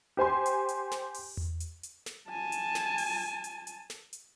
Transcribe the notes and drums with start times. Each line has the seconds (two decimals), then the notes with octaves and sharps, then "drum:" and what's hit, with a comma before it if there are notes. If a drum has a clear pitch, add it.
0.17 G4 C5 G#5 C6
0.46 drum: hi-hat
0.69 drum: hi-hat
0.91 drum: snare
1.14 drum: open hi-hat
1.37 drum: tom E2
1.60 drum: hi-hat
1.83 drum: hi-hat
2.06 drum: snare
2.29 G#5 A5
2.52 drum: hi-hat
2.75 drum: snare
2.98 drum: open hi-hat
3.44 drum: hi-hat
3.67 drum: hi-hat
3.90 drum: snare
4.13 drum: hi-hat